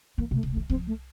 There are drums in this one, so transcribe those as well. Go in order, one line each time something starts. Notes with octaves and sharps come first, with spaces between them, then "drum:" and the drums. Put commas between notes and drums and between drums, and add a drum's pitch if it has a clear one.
E3 A#3
C3
A3
C3, drum: kick C2
A3
E3
F3 C4, drum: kick C2
A3